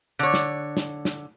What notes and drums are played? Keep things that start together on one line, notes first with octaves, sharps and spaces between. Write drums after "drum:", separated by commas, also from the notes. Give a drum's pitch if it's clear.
D3 C#5
drum: snare
drum: snare
drum: snare